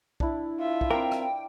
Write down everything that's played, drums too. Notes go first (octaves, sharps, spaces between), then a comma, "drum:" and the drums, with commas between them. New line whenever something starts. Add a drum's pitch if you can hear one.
D4 E4, drum: kick B1
F4 E5
drum: kick B1
C4 A#4 G5 D6
drum: rim click